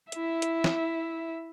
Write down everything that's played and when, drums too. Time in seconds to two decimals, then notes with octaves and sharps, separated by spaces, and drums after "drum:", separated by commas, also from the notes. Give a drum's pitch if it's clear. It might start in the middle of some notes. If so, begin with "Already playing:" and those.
0.12 E4 E5, drum: hi-hat
0.42 drum: hi-hat
0.64 drum: snare